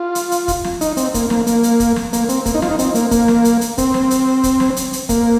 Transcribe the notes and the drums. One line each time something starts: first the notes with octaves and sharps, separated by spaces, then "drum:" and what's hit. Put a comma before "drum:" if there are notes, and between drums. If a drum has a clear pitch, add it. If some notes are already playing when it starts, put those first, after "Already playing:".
Already playing: F4
drum: hi-hat
drum: hi-hat
drum: kick, hi-hat
drum: snare
D#4, drum: hi-hat
C4, drum: hi-hat
A#3, drum: kick, hi-hat
A#3, drum: snare
A#3, drum: hi-hat
drum: hi-hat
drum: kick, hi-hat
drum: snare
A#3, drum: hi-hat
C4, drum: hi-hat
A#3, drum: kick, hi-hat
D#4
F4, drum: snare
D#4
C4, drum: hi-hat
A#3, drum: hi-hat
A#3, drum: kick, hi-hat
drum: snare
drum: hi-hat
drum: hi-hat
C4, drum: kick, hi-hat
drum: snare
drum: hi-hat
drum: kick, hi-hat
drum: snare
drum: hi-hat
drum: hi-hat
A#3, drum: kick, hi-hat